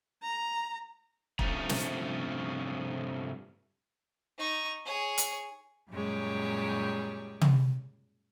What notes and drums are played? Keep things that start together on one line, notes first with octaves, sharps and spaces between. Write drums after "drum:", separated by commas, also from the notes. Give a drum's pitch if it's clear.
A#5
G2 C3 F3 A3 C#4 A#5, drum: kick
drum: snare
D#4 C#6
G#4 C#5
drum: hi-hat
F#2 A#2 G3 G#3 G4 C#5
drum: tom